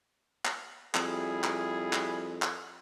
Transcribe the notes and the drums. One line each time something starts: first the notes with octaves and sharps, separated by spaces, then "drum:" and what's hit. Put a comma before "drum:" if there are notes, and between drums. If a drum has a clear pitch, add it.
drum: clap
F2 G3 E4 G#4, drum: clap
drum: clap
drum: clap
drum: clap